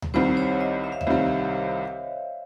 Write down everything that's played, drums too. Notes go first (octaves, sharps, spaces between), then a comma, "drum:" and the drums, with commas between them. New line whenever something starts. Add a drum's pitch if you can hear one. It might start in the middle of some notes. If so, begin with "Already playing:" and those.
drum: tom D2
C2 C3 D#3 G3 C4 C5
C#5
D#5
E5
F5
E5, drum: tom D2
C2 C3 D#3 G3 C4